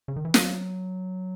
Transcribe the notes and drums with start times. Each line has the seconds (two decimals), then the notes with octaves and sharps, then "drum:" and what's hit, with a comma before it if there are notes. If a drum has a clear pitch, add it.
0.08 C#3
0.16 D#3
0.25 E3
0.34 F#3, drum: snare